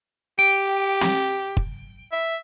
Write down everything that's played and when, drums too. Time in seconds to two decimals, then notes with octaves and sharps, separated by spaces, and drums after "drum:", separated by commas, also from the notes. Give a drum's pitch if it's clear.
0.39 G4 G5
1.01 drum: snare
1.57 drum: kick
2.12 E5